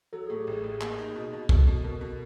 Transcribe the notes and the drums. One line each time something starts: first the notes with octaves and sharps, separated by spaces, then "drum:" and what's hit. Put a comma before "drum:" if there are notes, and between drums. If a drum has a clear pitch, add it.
F#3 A4
A2 G#4
G4
A1
G#4
A1
A#3, drum: clap
D#4
B2
B2
B2 A4, drum: kick
B2
B2 A#4
B2